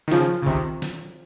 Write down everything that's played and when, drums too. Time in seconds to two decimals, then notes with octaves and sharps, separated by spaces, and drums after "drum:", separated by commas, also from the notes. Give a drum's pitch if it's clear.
0.08 D#3
0.12 C#3 F3 F4, drum: snare
0.42 C#3
0.46 C3 D#3 C4, drum: kick
0.82 drum: snare